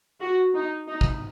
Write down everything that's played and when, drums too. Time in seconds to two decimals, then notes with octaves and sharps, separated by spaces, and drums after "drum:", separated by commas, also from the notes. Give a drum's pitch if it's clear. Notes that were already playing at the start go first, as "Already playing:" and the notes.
0.20 F#4
0.54 D#4
0.88 D#4
1.01 drum: kick